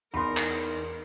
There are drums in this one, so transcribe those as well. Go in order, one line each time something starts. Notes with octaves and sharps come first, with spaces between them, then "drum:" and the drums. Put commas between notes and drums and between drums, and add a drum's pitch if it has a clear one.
E2 D#4 A#4 B5 C6
drum: clap